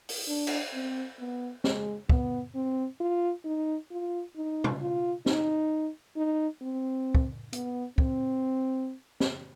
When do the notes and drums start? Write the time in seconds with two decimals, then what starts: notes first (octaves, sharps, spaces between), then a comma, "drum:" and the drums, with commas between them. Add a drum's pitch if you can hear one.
0.09 drum: open hi-hat
0.28 D4
0.47 drum: cymbal
0.73 C4
1.20 B3
1.64 G#3, drum: snare
2.09 B3, drum: kick
2.55 C4
3.00 F4
3.45 D#4
3.91 F4
4.36 D#4
4.64 drum: tom B2
4.81 F4
5.26 D#4, drum: snare
6.16 D#4
6.62 C4
7.15 drum: kick
7.53 B3, drum: hi-hat
7.98 C4, drum: kick
9.20 drum: snare